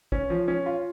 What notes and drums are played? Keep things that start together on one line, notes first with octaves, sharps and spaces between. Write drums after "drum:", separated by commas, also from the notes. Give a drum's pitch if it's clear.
C#4, drum: kick
F3
C#4
F4